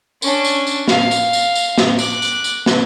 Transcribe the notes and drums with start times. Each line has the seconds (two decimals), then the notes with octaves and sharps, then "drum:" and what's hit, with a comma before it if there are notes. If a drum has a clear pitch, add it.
0.22 C#4 D4, drum: tambourine
0.44 drum: tambourine
0.67 drum: tambourine
0.88 F5, drum: snare
1.11 drum: tambourine
1.33 drum: tambourine
1.55 drum: tambourine
1.78 drum: snare
1.99 D6 F#6, drum: tambourine
2.22 drum: tambourine
2.44 drum: tambourine
2.66 drum: snare